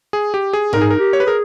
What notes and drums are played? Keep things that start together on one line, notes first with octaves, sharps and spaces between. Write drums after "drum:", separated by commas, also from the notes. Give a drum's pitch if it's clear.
G#4
G4
G#4
D#4 A#4, drum: tom G#2
G#4
A#4
G4
C#5
B4
G#4 A#4